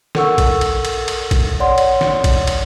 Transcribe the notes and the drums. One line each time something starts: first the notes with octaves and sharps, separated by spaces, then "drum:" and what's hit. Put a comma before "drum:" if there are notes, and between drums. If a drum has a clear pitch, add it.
A4 A#4 F#5 C#6 E6, drum: snare
drum: kick A1, cymbal
drum: cymbal
drum: cymbal
drum: cymbal
drum: kick A1, cymbal
C#5 D5 F#5 C6
drum: cymbal
drum: snare
drum: kick A1, cymbal
drum: cymbal